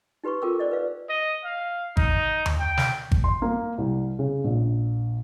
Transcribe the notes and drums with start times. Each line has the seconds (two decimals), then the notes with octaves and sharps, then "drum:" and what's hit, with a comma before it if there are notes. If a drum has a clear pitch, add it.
0.24 D#4 G4 B4 B5 C#6
0.42 F4 A4 A#4 G5 D6 E6
0.59 C5 D5 D#5
0.71 B4 F5
1.09 D#5
1.44 F5
1.97 D#4, drum: kick G#1
2.46 drum: tom D#2
2.59 G5
2.77 drum: snare
3.12 drum: kick G#1
3.24 C6
3.42 A#3
3.78 C2
4.19 C#3
4.44 A#1